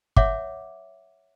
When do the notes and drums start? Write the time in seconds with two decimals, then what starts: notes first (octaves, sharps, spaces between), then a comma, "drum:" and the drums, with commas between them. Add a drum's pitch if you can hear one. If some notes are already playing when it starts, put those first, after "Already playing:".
0.16 C#5 E5 F#5 D6, drum: kick